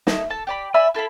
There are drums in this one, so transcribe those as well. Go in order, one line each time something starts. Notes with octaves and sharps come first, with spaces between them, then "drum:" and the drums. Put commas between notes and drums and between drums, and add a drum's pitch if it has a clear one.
D#4 E4 A4, drum: snare
A4 A5
G4 D5 B5
D5 E5 G#5 B5
E4 A4 F5 B5